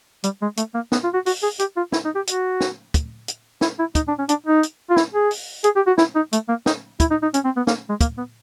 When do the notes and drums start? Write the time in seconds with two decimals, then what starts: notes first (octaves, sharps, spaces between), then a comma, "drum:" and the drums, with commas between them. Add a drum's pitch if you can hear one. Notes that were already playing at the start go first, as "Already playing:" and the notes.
0.24 G3, drum: hi-hat
0.42 G#3
0.57 A3, drum: hi-hat
0.74 A#3
0.92 B3, drum: snare
1.03 F4
1.14 F#4
1.26 F#4, drum: open hi-hat
1.43 G#4
1.59 G4, drum: hi-hat
1.76 F4
1.92 E4, drum: snare
2.05 D#4
2.15 G4
2.27 F#4, drum: hi-hat
2.61 drum: snare
2.94 drum: kick, hi-hat
3.28 drum: hi-hat
3.61 E4, drum: snare
3.79 E4
3.95 D#4, drum: kick, hi-hat
4.07 D4
4.19 C#4
4.29 D4, drum: hi-hat
4.46 D#4
4.63 drum: hi-hat
4.90 F4
4.97 E4, drum: snare
5.14 G#4
5.31 drum: open hi-hat
5.64 G#4, drum: hi-hat
5.76 G4
5.87 F#4
5.98 E4, drum: snare
6.15 D#4
6.33 A3, drum: hi-hat
6.48 A#3
6.66 D#4, drum: snare
7.00 E4, drum: kick, hi-hat
7.11 D#4
7.22 D#4
7.34 C#4, drum: hi-hat
7.44 C4
7.56 B3
7.67 A#3, drum: snare
7.89 G#3
8.01 A#3, drum: kick, hi-hat
8.18 B3